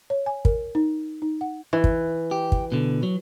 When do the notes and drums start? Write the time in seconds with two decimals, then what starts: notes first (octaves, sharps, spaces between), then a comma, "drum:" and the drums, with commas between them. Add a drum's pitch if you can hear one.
0.10 C#5
0.26 G#5
0.45 A#4, drum: kick
0.75 D#4
1.22 D#4
1.41 F#5
1.73 E3
1.84 drum: kick
2.31 G4
2.52 drum: kick
2.72 B2 D3
3.03 F#3